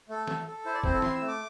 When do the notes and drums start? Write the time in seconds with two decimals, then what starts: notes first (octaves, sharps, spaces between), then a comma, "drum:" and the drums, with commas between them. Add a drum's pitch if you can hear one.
0.09 A3 A4
0.27 A4, drum: snare E3
0.47 A4
0.65 E4 C5
0.74 D5
0.84 C4 C5, drum: kick
0.93 A4
1.02 E4 C6, drum: snare E3
1.15 E6
1.21 A3
1.28 D6